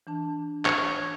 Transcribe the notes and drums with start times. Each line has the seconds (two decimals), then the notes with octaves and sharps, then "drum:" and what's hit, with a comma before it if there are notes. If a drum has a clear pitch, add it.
0.07 E3 D4 A5
0.65 C#5, drum: clap